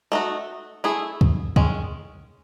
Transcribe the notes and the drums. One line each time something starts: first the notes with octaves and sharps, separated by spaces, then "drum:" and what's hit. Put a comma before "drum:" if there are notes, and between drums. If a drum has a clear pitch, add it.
A3 D#4 F#4
A3 E4 G#4
drum: kick
D#3 G#3 C#4, drum: kick